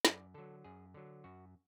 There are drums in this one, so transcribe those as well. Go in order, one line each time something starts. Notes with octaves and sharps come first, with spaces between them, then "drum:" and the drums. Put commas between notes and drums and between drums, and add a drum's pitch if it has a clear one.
F#2 D5, drum: snare
D3 F#3 A4
F#2 G#4
D3 F#3
F#2 F#4